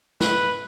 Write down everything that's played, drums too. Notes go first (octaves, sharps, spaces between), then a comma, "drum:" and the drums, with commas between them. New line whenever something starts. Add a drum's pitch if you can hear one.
B4, drum: snare